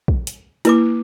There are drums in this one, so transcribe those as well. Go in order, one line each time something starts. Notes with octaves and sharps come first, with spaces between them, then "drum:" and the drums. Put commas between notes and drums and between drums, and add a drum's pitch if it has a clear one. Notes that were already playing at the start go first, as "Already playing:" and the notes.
drum: kick
drum: hi-hat
A#3 E4 B4 D6, drum: hi-hat